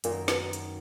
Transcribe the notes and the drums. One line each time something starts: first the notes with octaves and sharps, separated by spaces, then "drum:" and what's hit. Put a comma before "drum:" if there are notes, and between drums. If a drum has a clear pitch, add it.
F#2 A#2 D#3 A#3, drum: hi-hat
B2, drum: snare
drum: hi-hat